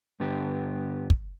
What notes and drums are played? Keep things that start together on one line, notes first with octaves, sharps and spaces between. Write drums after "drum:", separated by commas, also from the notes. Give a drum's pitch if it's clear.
G2 D3 B3 G4
drum: kick